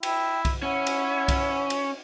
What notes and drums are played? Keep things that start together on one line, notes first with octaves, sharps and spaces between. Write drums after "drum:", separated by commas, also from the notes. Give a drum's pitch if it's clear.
E4 G5, drum: cymbal
drum: kick C2, cymbal
C#4 E4 F#5
drum: cymbal
drum: kick C2, cymbal
drum: cymbal